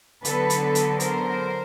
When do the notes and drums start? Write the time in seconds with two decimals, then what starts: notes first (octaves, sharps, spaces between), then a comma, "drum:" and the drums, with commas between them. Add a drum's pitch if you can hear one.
0.25 D3 F#3 B3 A4 B4, drum: hi-hat
0.50 drum: hi-hat
0.75 drum: hi-hat
1.00 A#4 C5, drum: hi-hat